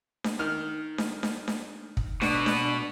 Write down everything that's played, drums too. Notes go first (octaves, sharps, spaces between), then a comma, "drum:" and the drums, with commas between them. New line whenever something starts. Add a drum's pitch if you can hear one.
drum: snare D4
D#3 F6
drum: snare D4
drum: snare D4
drum: snare D4
drum: kick
B2 D4 F#4, drum: snare D4
drum: snare D4